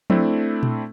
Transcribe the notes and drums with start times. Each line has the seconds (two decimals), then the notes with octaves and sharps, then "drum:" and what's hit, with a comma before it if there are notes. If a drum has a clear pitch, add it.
0.10 A3 C4 D4 E4, drum: tom F3
0.63 drum: tom A#2